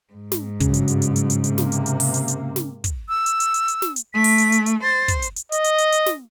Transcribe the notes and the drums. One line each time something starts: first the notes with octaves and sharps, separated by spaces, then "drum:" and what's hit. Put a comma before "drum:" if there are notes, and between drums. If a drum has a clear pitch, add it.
G#2
drum: snare
G2 C#3 F#3, drum: kick, hi-hat
drum: hi-hat
drum: hi-hat
drum: hi-hat
drum: hi-hat
drum: hi-hat
C3 A#3, drum: hi-hat
drum: snare
drum: hi-hat
drum: hi-hat
drum: open hi-hat
drum: hi-hat
drum: hi-hat
drum: snare
drum: kick, hi-hat
E6
drum: hi-hat
drum: hi-hat
drum: hi-hat
drum: hi-hat
drum: snare
drum: hi-hat
A3 B6
drum: open hi-hat
drum: hi-hat
drum: hi-hat
drum: hi-hat
C5 A6
drum: kick, hi-hat
drum: hi-hat
drum: hi-hat
D#5, drum: hi-hat
drum: hi-hat
drum: hi-hat
drum: hi-hat
drum: snare